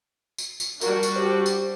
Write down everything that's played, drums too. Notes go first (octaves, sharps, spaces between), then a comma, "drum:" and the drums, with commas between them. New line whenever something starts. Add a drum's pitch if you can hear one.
drum: tambourine
drum: tambourine
G3 D4 F#4 A#4, drum: tambourine
drum: tambourine
G4 C5
drum: tambourine